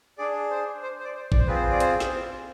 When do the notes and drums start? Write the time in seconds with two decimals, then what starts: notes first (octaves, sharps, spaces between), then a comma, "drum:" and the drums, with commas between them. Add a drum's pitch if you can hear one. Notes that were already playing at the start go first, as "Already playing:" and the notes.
0.18 D4 G#4 D5
0.51 C5
0.83 C5
1.00 C5
1.05 D5
1.15 C5
1.32 D5, drum: kick G#1
1.39 C5
1.47 C4 F4 G#4 B4
1.55 C5
1.71 D5
1.80 C5, drum: hi-hat
2.00 drum: snare